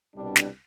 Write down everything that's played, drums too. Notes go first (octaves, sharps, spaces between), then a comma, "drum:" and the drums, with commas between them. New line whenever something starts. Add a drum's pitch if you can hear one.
C2 B2 G3 D4
drum: snare